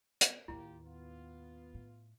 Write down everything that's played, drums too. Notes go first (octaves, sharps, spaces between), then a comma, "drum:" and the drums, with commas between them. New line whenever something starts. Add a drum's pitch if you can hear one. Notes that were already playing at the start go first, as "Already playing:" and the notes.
drum: hi-hat
D#2 A2 A#3 E4 F4 G4
B3 F4
A2